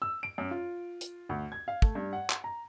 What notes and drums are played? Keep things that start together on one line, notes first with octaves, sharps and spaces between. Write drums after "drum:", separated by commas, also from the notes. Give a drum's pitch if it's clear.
E6
D7
F#2
F4
drum: hi-hat
D2
G#6
F5
A3, drum: kick
G2
F#5
drum: clap
A#5